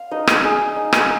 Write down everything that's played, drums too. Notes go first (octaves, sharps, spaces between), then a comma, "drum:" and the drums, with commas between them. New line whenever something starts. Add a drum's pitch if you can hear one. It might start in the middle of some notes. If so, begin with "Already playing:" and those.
Already playing: F5
D#4 D#5
drum: rim click
D#4 G#4
D#4
drum: rim click